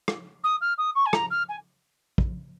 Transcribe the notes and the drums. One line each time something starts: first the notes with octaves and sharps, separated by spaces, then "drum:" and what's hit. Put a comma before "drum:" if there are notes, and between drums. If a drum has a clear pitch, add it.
drum: rim click
D#6
F6
D#6
C#6
G#5
A#5, drum: rim click
F6
G#5
drum: kick